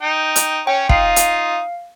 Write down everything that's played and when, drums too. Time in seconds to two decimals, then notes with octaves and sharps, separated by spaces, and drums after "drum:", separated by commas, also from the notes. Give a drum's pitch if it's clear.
0.02 D#4 G5
0.36 drum: hi-hat
0.67 C#4 C#5 G5
0.89 D#4 F4 F5, drum: kick
1.16 drum: hi-hat